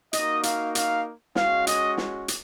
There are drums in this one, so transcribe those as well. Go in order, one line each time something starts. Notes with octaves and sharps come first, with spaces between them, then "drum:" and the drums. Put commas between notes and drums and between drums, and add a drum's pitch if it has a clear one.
A#3 D#4 F#4 D#5, drum: hi-hat
F5, drum: hi-hat
F5, drum: hi-hat
G#3 C#4 F#4 F5, drum: snare
D#5, drum: hi-hat
drum: snare
drum: hi-hat